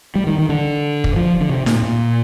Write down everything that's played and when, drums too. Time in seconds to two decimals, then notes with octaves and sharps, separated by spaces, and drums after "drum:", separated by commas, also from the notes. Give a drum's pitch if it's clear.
0.15 G3
0.27 D#3
0.38 D#3
0.49 D3
1.04 drum: kick
1.16 F3
1.41 D3
1.49 C3
1.66 A#2, drum: snare D#4
1.83 A#2